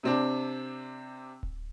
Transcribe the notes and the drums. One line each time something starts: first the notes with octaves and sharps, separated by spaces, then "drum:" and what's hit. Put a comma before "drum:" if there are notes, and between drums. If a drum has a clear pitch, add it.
C3 C4 D4
drum: kick D1